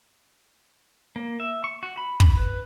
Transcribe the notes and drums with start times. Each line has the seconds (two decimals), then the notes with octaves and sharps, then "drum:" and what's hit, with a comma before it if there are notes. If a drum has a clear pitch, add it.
1.16 A#3
1.40 E5
1.64 C#6
1.83 F#4
1.97 B5
2.20 B5, drum: kick
2.37 B4